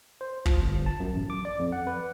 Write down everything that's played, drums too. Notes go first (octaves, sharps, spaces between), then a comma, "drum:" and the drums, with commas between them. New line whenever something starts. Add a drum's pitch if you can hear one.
C5
F3, drum: kick
G1
A5
F#2
A1
D6
D5
F2
F#5
B4